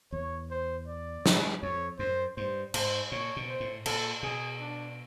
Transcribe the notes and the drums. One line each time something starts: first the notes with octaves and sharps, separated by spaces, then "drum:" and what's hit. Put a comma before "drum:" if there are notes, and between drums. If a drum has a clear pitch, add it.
E2 C#5
C5
D5
drum: snare
F2 C#5
F#2 C5
G2 C5
G#2 C5, drum: cymbal
A#2 C#5
B2
C5
A2
A#2 A4, drum: cymbal
B2 G#4
D4